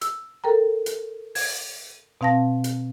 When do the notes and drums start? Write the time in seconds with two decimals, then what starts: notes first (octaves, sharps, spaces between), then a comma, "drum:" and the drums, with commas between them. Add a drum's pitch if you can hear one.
0.01 E6, drum: hi-hat
0.44 A4 A#4 G5 A#5
0.86 drum: hi-hat
1.35 G#6, drum: open hi-hat
2.21 B2 C4 F5 A5 A#6
2.64 drum: hi-hat